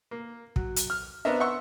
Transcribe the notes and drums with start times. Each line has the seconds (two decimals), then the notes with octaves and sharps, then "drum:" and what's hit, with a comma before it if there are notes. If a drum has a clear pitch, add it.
0.11 A#3
0.56 F#3, drum: kick
0.76 drum: hi-hat
0.90 F6
1.25 B3 C4 D4 A#4 D#5 E5
1.40 E5 F#5 C6 C#6 E6